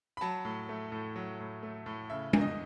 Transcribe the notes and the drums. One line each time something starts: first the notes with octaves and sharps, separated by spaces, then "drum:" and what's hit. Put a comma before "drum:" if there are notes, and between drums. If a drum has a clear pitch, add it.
B5
F#3 A5
A2
A3
A2
F#3
A2
A3
A2
C#3 E5
E2, drum: tom G#3
D#5